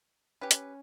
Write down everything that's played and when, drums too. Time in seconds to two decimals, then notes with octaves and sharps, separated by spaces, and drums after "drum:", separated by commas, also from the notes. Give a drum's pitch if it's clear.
0.41 C#4 G4 B4
0.51 drum: hi-hat